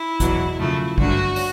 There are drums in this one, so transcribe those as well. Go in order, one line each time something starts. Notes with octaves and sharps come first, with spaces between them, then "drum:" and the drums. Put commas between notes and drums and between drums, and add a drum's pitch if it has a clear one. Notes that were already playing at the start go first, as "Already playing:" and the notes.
Already playing: E4
E2 B2 F#3, drum: kick, hi-hat
F#2 C#3 F3 A3 E4
G2 D3 F#3 A3 F#4, drum: kick
drum: open hi-hat